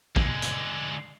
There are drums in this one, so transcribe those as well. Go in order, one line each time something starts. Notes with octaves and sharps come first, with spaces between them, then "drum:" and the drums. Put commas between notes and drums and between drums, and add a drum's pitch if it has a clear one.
D3 G#3, drum: kick
drum: hi-hat